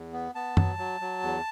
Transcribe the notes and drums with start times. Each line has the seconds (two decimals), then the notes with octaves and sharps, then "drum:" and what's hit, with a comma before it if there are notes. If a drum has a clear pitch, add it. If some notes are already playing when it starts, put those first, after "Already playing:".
Already playing: E2
0.13 B3
0.35 B3 A5
0.57 F#3, drum: tom
0.79 F#3
1.01 F#3
1.23 E2